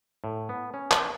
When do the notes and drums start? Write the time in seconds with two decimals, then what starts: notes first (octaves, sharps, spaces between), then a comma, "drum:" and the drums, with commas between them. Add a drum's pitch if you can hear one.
0.24 A2
0.49 B3
0.74 C#4
0.91 drum: clap